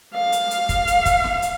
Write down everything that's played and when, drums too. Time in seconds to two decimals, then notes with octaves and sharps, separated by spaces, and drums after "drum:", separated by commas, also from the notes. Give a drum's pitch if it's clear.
0.14 F5
0.32 drum: hi-hat
0.51 drum: hi-hat
0.69 drum: kick, hi-hat
0.87 drum: hi-hat
1.06 drum: kick, hi-hat
1.24 drum: snare
1.42 drum: hi-hat